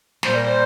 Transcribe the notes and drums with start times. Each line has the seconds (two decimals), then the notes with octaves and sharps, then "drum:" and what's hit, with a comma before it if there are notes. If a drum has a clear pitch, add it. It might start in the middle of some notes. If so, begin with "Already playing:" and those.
0.23 A#2 G3 A#3 C5, drum: snare
0.36 A#4
0.48 C5